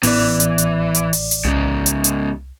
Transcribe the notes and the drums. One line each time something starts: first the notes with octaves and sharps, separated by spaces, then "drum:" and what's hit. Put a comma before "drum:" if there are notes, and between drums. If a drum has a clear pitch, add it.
A1 E3 B3 D5, drum: open hi-hat
drum: hi-hat
drum: hi-hat
drum: hi-hat
drum: open hi-hat
drum: hi-hat
C2 G#2 C#3
drum: hi-hat
drum: hi-hat